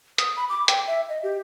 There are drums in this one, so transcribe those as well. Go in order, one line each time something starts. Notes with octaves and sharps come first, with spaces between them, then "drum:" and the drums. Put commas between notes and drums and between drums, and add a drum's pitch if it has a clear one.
D#6, drum: hi-hat
B5
D6
G5, drum: hi-hat
E5
D#5
G4